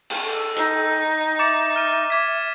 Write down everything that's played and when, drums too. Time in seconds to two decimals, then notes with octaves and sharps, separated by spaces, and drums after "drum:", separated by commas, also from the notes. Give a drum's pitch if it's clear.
0.10 drum: cymbal
0.24 A4
0.56 D#4, drum: hi-hat
1.39 E5 D6 A6 C#7
1.76 F6 D#7
2.10 D6 G#6 B6